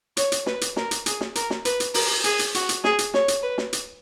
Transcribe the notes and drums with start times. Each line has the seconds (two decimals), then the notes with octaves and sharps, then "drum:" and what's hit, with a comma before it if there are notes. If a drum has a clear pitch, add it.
0.17 C#5, drum: hi-hat
0.32 drum: hi-hat
0.46 B4, drum: snare
0.61 drum: hi-hat
0.76 A#4, drum: snare
0.91 drum: hi-hat
1.06 G#4, drum: hi-hat
1.21 drum: snare
1.35 A#4, drum: hi-hat
1.50 drum: snare
1.65 B4, drum: hi-hat
1.80 drum: hi-hat
1.94 A#4, drum: open hi-hat
2.24 G#4, drum: hi-hat
2.39 drum: hi-hat
2.55 F#4, drum: hi-hat
2.69 drum: hi-hat
2.84 G#4, drum: snare
2.99 drum: hi-hat
3.14 C#5, drum: snare
3.28 drum: hi-hat
3.43 B4
3.58 drum: snare
3.73 drum: hi-hat